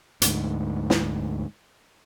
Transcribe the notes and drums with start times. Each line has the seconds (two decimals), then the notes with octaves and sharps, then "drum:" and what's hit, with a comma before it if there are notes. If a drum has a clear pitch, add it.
0.22 D2 G#2, drum: hi-hat
0.90 drum: snare